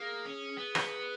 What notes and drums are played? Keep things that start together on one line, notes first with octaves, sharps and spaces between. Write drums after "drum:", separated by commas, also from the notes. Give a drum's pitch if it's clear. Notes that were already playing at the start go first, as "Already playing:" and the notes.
Already playing: A#3 G#4
C#4
B3
drum: rim click